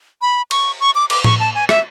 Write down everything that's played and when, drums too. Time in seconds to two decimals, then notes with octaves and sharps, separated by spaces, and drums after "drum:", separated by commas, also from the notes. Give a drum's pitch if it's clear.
0.22 B5
0.51 C#6, drum: cymbal
0.80 C#6
0.95 D6
1.10 D6, drum: cymbal
1.24 C#6, drum: tom A2
1.40 A5
1.55 G#5
1.69 E5, drum: rim click